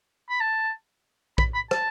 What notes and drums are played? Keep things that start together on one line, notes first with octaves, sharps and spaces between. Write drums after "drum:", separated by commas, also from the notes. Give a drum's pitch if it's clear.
B5
A5
B5, drum: kick A#1
B5
A5, drum: rim click